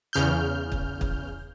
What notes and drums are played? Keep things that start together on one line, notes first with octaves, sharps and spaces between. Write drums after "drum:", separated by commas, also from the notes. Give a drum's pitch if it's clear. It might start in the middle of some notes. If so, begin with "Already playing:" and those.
E2 C#3 F6 G6
drum: kick
drum: kick